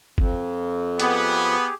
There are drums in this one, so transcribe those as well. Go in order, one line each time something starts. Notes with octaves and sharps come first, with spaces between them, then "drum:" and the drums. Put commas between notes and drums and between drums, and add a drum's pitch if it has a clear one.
F2, drum: kick G1
B3 G4 G#4, drum: hi-hat